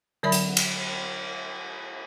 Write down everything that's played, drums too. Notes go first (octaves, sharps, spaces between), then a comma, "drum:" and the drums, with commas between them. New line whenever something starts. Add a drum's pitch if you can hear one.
D3 F#3 C#5 E5 B5
drum: hi-hat
drum: cymbal